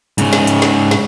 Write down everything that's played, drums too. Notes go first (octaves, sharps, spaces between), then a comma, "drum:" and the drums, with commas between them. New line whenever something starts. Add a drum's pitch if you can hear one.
G#2 C#3, drum: hi-hat
drum: snare
drum: hi-hat
drum: snare
drum: snare